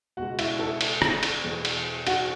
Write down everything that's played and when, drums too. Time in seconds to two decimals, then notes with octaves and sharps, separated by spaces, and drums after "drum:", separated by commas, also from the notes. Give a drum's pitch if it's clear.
0.17 C#2 B2 F#4 F#5
0.39 E4 E5, drum: cymbal
0.59 A4 A5
0.81 drum: cymbal
1.02 drum: rim click
1.23 drum: cymbal
1.44 E2 B2
1.65 drum: cymbal
2.07 F#4 F#5, drum: cymbal